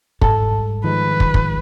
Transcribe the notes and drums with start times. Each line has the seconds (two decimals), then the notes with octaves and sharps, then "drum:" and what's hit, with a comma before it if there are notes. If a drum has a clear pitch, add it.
0.21 G#2 G3 A4, drum: kick
0.84 D#3 F3 G#3 B4
1.20 drum: kick
1.34 drum: kick